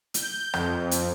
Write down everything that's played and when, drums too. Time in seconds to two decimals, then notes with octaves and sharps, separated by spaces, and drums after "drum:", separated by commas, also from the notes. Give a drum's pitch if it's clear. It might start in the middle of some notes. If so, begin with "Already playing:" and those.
0.14 G6, drum: hi-hat
0.54 F2, drum: rim click
0.91 drum: hi-hat